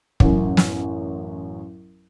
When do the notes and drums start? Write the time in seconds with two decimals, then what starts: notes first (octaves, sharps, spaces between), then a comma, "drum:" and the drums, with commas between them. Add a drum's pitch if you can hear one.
0.20 A1 F#2, drum: kick
0.57 drum: snare